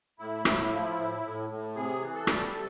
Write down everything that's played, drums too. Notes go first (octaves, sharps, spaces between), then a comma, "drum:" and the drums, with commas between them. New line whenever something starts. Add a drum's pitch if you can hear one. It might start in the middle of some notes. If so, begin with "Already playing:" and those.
A2 E4
A2, drum: rim click
F3
A2
A2
A2
C3 G#4
E3
A4
G3, drum: rim click
C3